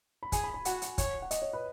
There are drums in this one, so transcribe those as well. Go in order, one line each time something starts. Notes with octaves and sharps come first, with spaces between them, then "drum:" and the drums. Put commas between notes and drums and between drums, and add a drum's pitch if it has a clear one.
B5
G#4 G#5, drum: kick, hi-hat
B5
B5
F#4 F#5, drum: hi-hat
drum: hi-hat
C#5, drum: kick, hi-hat
F#5
D#5, drum: hi-hat
C#5
B4